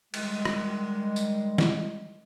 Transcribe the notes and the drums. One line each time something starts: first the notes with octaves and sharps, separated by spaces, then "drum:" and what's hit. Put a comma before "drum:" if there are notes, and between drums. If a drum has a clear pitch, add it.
D#3 G3 G#3, drum: cymbal
drum: rim click
drum: tambourine
drum: snare